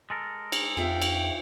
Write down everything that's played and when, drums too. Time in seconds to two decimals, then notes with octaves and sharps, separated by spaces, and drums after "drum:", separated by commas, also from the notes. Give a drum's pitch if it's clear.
0.10 G#3 A4 A#4
0.52 drum: cymbal
0.77 F2 F4 E5 F5 G5
1.02 drum: cymbal